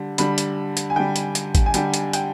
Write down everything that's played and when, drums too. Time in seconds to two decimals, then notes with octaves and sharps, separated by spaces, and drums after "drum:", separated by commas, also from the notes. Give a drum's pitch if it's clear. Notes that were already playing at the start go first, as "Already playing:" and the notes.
Already playing: D3 G3
0.18 D3 G3 B5, drum: hi-hat
0.38 drum: hi-hat
0.77 drum: hi-hat
0.90 G#5
0.96 D3 G3 G5
1.16 drum: hi-hat
1.35 drum: hi-hat
1.55 drum: kick G#1, hi-hat
1.66 G#5
1.74 D3 G3 G5, drum: hi-hat
1.94 drum: hi-hat
2.13 G5, drum: hi-hat